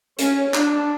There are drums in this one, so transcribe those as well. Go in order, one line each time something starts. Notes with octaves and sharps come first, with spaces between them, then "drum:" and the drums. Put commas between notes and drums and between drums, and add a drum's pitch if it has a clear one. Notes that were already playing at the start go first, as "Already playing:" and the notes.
C#4, drum: hi-hat
D4, drum: clap